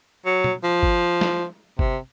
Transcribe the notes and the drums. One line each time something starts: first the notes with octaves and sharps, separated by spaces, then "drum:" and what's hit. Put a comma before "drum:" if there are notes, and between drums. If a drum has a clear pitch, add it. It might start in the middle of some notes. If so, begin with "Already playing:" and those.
F#3
drum: tom
F3
drum: kick G1
drum: snare
C3, drum: kick G1